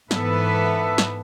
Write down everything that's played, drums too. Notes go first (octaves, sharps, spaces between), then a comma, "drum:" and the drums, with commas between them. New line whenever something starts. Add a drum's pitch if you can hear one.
G#2 E3 B3 A4 B4 E5, drum: snare
drum: snare